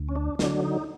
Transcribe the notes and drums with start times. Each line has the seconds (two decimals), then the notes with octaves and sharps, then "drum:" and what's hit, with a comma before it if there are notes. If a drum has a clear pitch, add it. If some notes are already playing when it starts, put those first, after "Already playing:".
Already playing: D2
0.08 C#4
0.16 D4
0.39 D3 F#3 D4, drum: snare
0.63 D#4